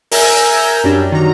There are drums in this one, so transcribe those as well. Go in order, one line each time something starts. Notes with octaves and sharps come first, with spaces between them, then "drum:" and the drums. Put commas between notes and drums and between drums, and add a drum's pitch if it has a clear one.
A#4 E5 G#5 A#5 E6 G6, drum: open hi-hat
F#2 G3 D4
D#3 F#3 A#5